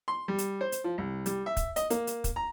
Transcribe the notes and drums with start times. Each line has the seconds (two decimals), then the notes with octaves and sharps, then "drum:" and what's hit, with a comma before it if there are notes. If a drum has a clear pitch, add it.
0.08 C6
0.28 G3
0.38 drum: hi-hat
0.61 C5
0.72 drum: hi-hat
0.84 F3
0.98 C2
1.26 G3, drum: hi-hat
1.46 E5
1.57 drum: kick, hi-hat
1.76 D#5, drum: hi-hat
1.90 A#3, drum: hi-hat
2.07 drum: hi-hat
2.24 drum: kick, hi-hat
2.36 A#5